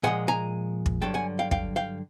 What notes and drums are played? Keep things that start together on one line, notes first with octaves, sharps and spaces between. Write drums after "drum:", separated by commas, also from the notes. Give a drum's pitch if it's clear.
A#2 F3 G#3 F#5 G#5
G#5 A#5
drum: kick
G2 D3 F#3 G5 A5
F#5 G#5
F5 G5
F5 G5, drum: kick
F5 G5